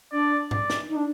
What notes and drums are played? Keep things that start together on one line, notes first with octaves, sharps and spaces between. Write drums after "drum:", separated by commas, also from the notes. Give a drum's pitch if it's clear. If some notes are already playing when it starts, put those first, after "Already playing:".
D4 D5
D5, drum: tom G#2
drum: snare
D#4
D4